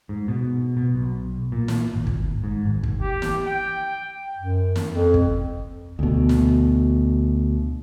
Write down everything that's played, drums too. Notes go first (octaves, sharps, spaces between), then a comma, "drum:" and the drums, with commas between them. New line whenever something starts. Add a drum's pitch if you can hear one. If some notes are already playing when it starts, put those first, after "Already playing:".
G#2
B2
B2
B1
A#2
drum: snare
G#1
drum: kick
G#2
G#1
drum: kick
G4
drum: snare
G5
F#2
drum: snare
F2
drum: kick
D2 B2
drum: snare